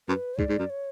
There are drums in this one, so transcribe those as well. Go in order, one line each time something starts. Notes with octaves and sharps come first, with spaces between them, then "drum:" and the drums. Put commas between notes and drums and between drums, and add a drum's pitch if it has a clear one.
F#2 B4
G#2 D5, drum: kick
G#2
F#2
C#5